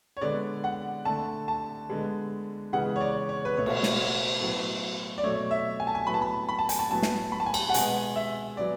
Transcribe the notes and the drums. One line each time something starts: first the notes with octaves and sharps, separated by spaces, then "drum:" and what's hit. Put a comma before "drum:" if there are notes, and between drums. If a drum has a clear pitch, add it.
C#5
D3 G#3 B3 D5
F#5
D3 A3 A5
A5
D3 G#3 B3
C#3 E3 G#3 B3 F#5
C#5
D5
C#5
B4
B2 A3 C#5
drum: cymbal
drum: snare
A2 F#3 B3
D5
B2 F#3 A3 C#5
E5
G#5
A5
G#5
A2 F#3 B3 B5
A5
B5
B5
A5
G#5, drum: hi-hat
A5
A2 F#3 B3 A5
drum: snare
B5
A5
G#5
A5, drum: cymbal
F#5
B2 G#3 B3 G#5, drum: hi-hat
E5
F#3 B3 D5